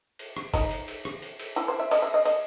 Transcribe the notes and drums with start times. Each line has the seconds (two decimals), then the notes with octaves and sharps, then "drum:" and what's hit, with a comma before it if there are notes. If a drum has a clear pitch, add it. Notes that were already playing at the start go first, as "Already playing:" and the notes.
0.19 drum: cymbal
0.37 drum: rim click
0.54 D#4, drum: kick F#1, cymbal
0.71 drum: cymbal
0.88 drum: cymbal
1.05 drum: rim click
1.22 drum: cymbal
1.40 drum: cymbal
1.56 E4, drum: cymbal
1.68 C5
1.80 E5
1.91 D#5, drum: cymbal
2.02 E5
2.14 D#5
2.25 D#5, drum: cymbal